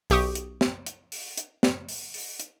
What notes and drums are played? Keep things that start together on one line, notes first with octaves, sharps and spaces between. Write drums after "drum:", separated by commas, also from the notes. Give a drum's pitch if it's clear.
B1 G4 C#6 D#6, drum: open hi-hat
drum: hi-hat
drum: snare
drum: hi-hat
drum: open hi-hat
drum: hi-hat
drum: snare
drum: open hi-hat
drum: open hi-hat
drum: hi-hat